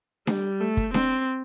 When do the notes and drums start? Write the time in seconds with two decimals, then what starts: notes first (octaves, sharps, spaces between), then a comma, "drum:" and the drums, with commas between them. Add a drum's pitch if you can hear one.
0.27 G3, drum: snare D4
0.60 A3
0.77 drum: kick
0.94 C4, drum: snare D4